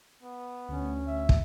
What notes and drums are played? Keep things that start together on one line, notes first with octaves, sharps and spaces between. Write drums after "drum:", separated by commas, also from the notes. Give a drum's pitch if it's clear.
B3
D2 C#4
E5
drum: kick